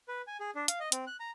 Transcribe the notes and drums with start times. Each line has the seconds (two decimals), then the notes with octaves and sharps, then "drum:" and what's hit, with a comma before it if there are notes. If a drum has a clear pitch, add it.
0.08 B4
0.27 G#5
0.40 G#4
0.55 D4
0.68 F5, drum: hi-hat
0.80 D#5
0.92 C4, drum: hi-hat
1.07 F#6
1.20 A#5